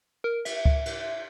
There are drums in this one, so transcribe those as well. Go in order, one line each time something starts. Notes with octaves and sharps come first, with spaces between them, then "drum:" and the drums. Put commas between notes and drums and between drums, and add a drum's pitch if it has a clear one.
A#4
E5, drum: cymbal
drum: kick C#2
drum: cymbal